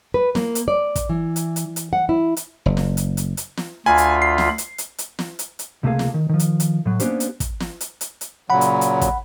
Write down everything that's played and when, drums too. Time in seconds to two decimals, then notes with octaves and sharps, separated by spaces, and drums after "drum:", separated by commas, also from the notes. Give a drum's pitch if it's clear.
0.14 B4
0.35 A#3, drum: snare
0.55 drum: hi-hat
0.68 D5
0.95 drum: kick, hi-hat
1.09 E3
1.36 drum: hi-hat
1.56 drum: hi-hat
1.76 drum: hi-hat
1.93 F#5
2.09 E4
2.37 drum: hi-hat
2.66 F#1
2.77 drum: snare
2.97 drum: hi-hat
3.17 drum: hi-hat
3.37 drum: hi-hat
3.57 drum: snare
3.86 D2 F4 G#5 B5
3.98 drum: hi-hat
4.22 C7
4.38 drum: snare
4.58 drum: hi-hat
4.78 drum: hi-hat
4.98 drum: hi-hat
5.19 drum: snare
5.39 drum: hi-hat
5.59 drum: hi-hat
5.83 C#2 C3 A3 A#3 G#4 F5
5.99 drum: snare
6.14 D#3
6.29 D#3 F3
6.39 drum: hi-hat
6.60 drum: hi-hat
6.86 A2 F#3
7.00 A#3 B3 C#4 D4 G4 C5, drum: hi-hat
7.20 drum: hi-hat
7.40 drum: kick, hi-hat
7.60 drum: snare
7.81 drum: hi-hat
8.01 drum: hi-hat
8.21 drum: hi-hat
8.50 A#2 C#3 F#3 F#5 B5
8.61 drum: hi-hat
8.81 drum: hi-hat
9.01 drum: kick, hi-hat